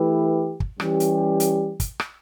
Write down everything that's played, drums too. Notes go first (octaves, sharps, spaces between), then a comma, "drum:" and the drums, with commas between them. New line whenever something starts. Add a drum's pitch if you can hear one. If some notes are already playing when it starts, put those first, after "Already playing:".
Already playing: E3 A3 E4 G4 B4
drum: kick
E3 G3 C#4 G4, drum: rim click
drum: hi-hat
drum: hi-hat
drum: kick, hi-hat
drum: rim click